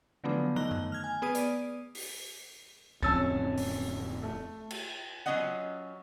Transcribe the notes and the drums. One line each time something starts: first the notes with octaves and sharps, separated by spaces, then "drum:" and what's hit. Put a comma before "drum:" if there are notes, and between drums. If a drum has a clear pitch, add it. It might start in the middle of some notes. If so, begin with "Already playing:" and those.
D3 F3 F#3 A3 B3 D4
D#3 A3 A#5 F#6 G7
drum: tom F#2
F6 G#6
G#5
B3 G#4 B4 D#6 D#7
D5, drum: hi-hat
drum: open hi-hat
D1 F2 C4 C#4 A5 E6 A6, drum: kick
drum: open hi-hat
A3
drum: cymbal
F#3 A#3 C#4 F4 D#5 F#5